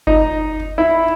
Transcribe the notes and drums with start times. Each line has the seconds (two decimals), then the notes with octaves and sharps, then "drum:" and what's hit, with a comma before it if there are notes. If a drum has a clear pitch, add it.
0.07 D#4, drum: kick G1
0.78 E4